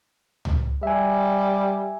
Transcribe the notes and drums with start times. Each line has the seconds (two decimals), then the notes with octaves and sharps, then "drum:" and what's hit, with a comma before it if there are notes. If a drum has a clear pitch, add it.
0.45 drum: tom C#2
0.83 G3 E5 G#5